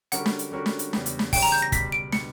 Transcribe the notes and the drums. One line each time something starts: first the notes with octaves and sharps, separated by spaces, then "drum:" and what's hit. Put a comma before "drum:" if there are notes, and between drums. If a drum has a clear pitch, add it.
D3 G3 C#4 F#4 A#4 F#5, drum: hi-hat
drum: snare
drum: hi-hat
D3 G3 C#4 F#4 A#4
drum: snare
drum: hi-hat
E2 C#3 G3 C#4, drum: snare
drum: hi-hat
drum: snare
E2 C#3 G3 C#4 G5, drum: kick, open hi-hat
A#5
G6
A#6
C#2 B2 G3 B6, drum: kick, hi-hat
D7
B2 G3 C#7, drum: snare